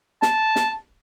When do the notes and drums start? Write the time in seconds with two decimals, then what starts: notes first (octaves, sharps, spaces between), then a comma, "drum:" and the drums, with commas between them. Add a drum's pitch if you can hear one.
0.22 A5, drum: snare
0.56 drum: snare